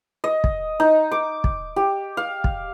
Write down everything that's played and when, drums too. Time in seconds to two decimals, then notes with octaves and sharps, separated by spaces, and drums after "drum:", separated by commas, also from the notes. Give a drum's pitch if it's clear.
0.24 D#5
0.44 drum: kick
0.80 D#4
1.12 D6
1.44 drum: kick
1.76 G4
2.17 F5
2.44 drum: kick